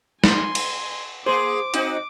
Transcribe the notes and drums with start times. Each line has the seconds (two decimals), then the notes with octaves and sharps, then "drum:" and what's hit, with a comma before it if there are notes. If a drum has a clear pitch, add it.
0.24 G#5 C6, drum: snare
0.55 drum: cymbal
1.26 A#3 G#4 C5 D6
1.74 C4 D#4 F#4, drum: hi-hat